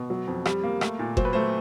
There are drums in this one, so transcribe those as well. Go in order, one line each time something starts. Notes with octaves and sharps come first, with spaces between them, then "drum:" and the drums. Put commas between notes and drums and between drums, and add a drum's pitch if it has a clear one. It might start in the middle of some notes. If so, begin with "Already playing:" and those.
Already playing: B2
F#3
F2
G3, drum: rim click
A#3
A3, drum: rim click
A#2
F#3 C5, drum: kick F#1
B4
A3 C5